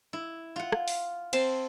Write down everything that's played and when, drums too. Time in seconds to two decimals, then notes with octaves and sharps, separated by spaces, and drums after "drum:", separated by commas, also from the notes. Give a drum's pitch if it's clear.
0.13 E4
0.56 F4 F#5
0.72 drum: rim click
0.88 drum: open hi-hat
1.33 C4 A5 C6, drum: cymbal